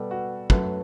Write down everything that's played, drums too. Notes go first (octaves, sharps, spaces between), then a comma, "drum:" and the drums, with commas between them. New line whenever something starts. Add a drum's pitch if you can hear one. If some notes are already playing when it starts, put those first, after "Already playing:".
Already playing: B2 G3 B3 A4 B4
F#4
F#2 F#3 A3 B4, drum: kick